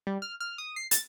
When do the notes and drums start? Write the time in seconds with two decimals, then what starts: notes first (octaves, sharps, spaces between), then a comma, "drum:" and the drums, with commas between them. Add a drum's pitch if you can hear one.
0.07 G3
0.22 F6
0.40 F6
0.58 D#6
0.76 C7
0.91 A6, drum: hi-hat